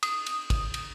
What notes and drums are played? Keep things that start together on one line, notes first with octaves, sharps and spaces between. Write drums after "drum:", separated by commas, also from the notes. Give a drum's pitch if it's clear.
D#6, drum: cymbal
drum: cymbal
drum: kick, cymbal
drum: cymbal